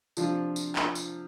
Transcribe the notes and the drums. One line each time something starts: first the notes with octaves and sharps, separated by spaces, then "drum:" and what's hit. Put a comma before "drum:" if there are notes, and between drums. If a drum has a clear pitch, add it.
C3 F3 D4 F4, drum: tambourine
drum: tambourine
drum: clap
drum: tambourine